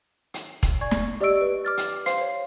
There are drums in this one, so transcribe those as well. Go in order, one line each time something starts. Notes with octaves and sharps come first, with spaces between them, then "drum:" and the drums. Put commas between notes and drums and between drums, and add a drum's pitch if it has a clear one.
drum: hi-hat
drum: kick E1, hi-hat
D5 G#5 C#6 G#6
drum: snare
G4 D5 D#5 C#6 E6 D7
B4
D6 F6 A6
drum: hi-hat
C5 F5 C6 C7, drum: hi-hat
C5 C#5